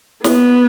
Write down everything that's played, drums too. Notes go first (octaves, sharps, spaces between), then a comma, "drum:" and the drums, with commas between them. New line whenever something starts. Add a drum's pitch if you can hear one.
B3, drum: snare